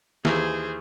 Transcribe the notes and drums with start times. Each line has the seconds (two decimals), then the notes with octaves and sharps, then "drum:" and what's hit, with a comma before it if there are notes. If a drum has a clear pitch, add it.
0.25 D#2 E3 G#4 C5, drum: snare